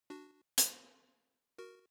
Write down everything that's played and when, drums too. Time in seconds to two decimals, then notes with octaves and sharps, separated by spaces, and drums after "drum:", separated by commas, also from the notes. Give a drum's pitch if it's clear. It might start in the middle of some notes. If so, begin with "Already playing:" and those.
0.10 D4 F#4
0.58 drum: hi-hat
1.58 F#4 A#4